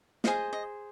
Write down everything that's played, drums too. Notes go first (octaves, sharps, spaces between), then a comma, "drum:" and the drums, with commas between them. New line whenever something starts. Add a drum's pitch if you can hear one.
G#4 C5 D#5 F5, drum: snare
D#5